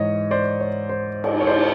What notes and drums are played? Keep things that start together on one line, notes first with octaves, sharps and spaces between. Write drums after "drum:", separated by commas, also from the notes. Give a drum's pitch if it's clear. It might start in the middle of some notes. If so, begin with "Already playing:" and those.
Already playing: G#2 E3 C#5 D#5
C5 D5
C#5
C5
drum: cymbal
C#5
C5, drum: cymbal